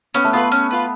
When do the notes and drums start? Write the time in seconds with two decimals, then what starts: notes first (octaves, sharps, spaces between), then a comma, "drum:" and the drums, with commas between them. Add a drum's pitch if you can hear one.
0.14 B3 C#4, drum: hi-hat
0.25 A3
0.33 B3 F4 B4
0.52 C#4, drum: hi-hat
0.71 F4 B4